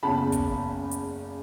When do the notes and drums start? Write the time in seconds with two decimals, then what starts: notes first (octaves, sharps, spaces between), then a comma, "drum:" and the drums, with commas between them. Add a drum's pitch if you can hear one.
0.03 F#1 E2 C#3 A5 B5
0.32 drum: kick, hi-hat
0.92 drum: hi-hat